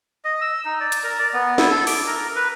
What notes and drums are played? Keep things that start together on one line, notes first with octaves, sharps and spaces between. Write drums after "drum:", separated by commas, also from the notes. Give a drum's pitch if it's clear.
D#5
E6
D#4
D5
drum: hi-hat
A#4
D5
B3
E4, drum: snare
A4
D6, drum: open hi-hat
A#4
B4